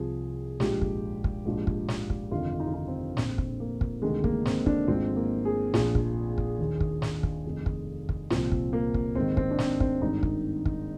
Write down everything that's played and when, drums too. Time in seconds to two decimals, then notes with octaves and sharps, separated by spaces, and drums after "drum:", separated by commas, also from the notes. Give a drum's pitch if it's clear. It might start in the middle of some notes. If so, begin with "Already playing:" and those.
Already playing: C2 C3 F3 G#4
0.60 A#1 G#2 F3 G4, drum: snare
0.81 drum: kick
1.24 drum: kick
1.45 A#1 G#2 F3
1.67 drum: kick
1.88 drum: snare
2.10 drum: kick
2.31 G1 F2 C3 D#3 F4
2.60 D#4
2.67 F4
2.74 D#4
2.88 C4
3.17 A#1 A#2 F3 C4, drum: snare
3.38 drum: kick
3.60 A#3
3.81 drum: kick
4.02 D2 C3 D#3 G#3
4.24 A#3, drum: kick
4.45 C4, drum: snare
4.66 D4, drum: kick
4.88 G#1 G#2 F3 C4
5.16 A#3
5.45 G#4
5.74 A#1 A#2 F3 G#4, drum: snare
5.95 drum: kick
6.38 drum: kick
6.59 D#2 D#3
6.80 drum: kick
7.02 drum: snare
7.23 drum: kick
7.45 F1 F2 D#3
7.66 drum: kick
8.09 drum: kick
8.30 C2 A#2 F3 C4, drum: snare
8.52 drum: kick
8.73 A#3
8.94 drum: kick
9.15 G#1 G#2 D#3 C4
9.37 C4, drum: kick
9.51 D4
9.59 C4, drum: snare
9.80 C4, drum: kick
10.02 G#1 G2 D#3 D#4
10.23 drum: kick
10.66 drum: kick